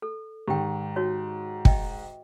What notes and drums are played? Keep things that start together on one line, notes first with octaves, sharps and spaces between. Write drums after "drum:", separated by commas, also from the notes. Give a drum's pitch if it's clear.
A4
G#2 D#3 G4 G5
D#4 F#4 C#5
D#5 E5 G5, drum: kick